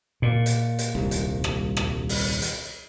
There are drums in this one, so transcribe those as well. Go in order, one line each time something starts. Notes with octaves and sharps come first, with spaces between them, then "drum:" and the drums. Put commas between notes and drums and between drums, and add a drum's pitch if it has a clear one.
A#2
drum: hi-hat
drum: hi-hat
D#1 C2
drum: hi-hat
drum: rim click
drum: rim click
drum: open hi-hat
drum: hi-hat